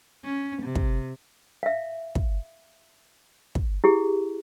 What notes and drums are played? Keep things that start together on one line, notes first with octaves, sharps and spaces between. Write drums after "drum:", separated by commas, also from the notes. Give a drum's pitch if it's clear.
C#4
C3
drum: kick
E5 F5
drum: kick
drum: kick
E4 G4 G#4